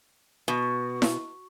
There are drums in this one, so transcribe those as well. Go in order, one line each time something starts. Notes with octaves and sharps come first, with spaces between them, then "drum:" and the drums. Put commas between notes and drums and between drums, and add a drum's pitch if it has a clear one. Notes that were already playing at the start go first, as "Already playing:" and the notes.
B2
drum: snare E4